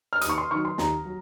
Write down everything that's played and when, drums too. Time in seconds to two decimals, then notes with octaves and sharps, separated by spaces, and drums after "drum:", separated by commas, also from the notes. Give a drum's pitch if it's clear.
0.13 F6
0.21 D#2 D#6, drum: hi-hat
0.29 C#6
0.38 C6
0.51 D#3 F#3 C#6
0.65 C6
0.78 D#2 A#5, drum: snare
1.05 F#3